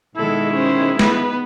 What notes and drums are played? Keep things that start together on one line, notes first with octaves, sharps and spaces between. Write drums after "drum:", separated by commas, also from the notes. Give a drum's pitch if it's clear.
B2 D#3 G#3 E4 A4
C#4 C5
B3 B4, drum: snare